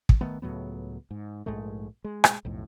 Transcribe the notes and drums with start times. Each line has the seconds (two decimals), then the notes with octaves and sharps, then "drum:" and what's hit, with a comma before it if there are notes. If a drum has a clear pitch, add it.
0.09 drum: kick
0.21 D#3 A3 B3
0.42 C#2 A2 F#3 B3
1.11 G#2
1.46 A#1 G#2 G#3 A3
2.04 G#3
2.24 drum: rim click
2.45 B1 F2 A2